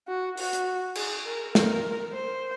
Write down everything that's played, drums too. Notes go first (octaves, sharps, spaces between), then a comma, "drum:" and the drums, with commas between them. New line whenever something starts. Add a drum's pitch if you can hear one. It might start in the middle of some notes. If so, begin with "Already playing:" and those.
F#4
F#4, drum: open hi-hat
drum: hi-hat
G#4, drum: cymbal
A#4
A#4, drum: snare
C5